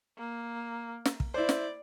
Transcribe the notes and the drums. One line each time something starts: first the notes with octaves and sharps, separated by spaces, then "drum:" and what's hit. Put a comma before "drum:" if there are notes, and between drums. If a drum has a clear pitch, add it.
A#3
drum: snare
drum: kick
E4 C5 D5
drum: snare